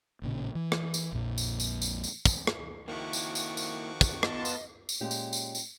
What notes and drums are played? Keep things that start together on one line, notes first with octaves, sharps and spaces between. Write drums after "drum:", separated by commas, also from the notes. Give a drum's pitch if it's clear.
A1 A#2 C#3
E3
drum: rim click
drum: tambourine
A#1 F2 A#2
drum: tambourine
drum: tambourine
drum: tambourine
drum: tambourine
drum: kick, tambourine
drum: rim click
F2 D#3 F3 A#3 E4 F#4 C#6 D6
drum: tambourine
drum: tambourine
drum: tambourine
drum: kick, tambourine
B3 F4 D#5 A5, drum: rim click
drum: tambourine
drum: tambourine
A#2 G#3 C#4 G4
drum: tambourine
drum: tambourine
drum: tambourine